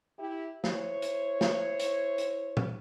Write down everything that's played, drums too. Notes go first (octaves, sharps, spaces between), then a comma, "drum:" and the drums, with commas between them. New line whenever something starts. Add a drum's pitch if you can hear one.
E4 G4
E4 C5 C#5, drum: snare
drum: hi-hat
drum: snare
drum: hi-hat
drum: hi-hat
drum: tom